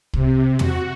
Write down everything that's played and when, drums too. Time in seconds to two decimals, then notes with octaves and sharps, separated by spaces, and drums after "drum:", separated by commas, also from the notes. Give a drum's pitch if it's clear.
0.13 C3, drum: kick
0.59 F#4, drum: tom